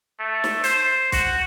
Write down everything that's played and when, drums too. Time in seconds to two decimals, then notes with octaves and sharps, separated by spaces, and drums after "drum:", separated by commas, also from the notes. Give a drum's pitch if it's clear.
0.19 A3
0.44 drum: snare
0.64 C5, drum: hi-hat
1.12 F#4, drum: kick B1, hi-hat